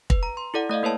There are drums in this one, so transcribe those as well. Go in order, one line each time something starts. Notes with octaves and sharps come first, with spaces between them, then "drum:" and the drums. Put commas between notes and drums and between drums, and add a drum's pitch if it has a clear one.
B4, drum: kick
A#5
C6
E4 A4 D5 F#5
A3 D5 D#5 F5
A#3 B4 C#5 A5